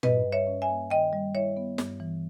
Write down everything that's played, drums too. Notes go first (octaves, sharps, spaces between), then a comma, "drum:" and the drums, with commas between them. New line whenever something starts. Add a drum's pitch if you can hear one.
G2 B4 D#5, drum: tom A#2
G3
C#5 E5
C#4
E5 G#5
A#3
D#3 D#5 G5
G3
E4 C#5 E5
B3
G2, drum: snare
E3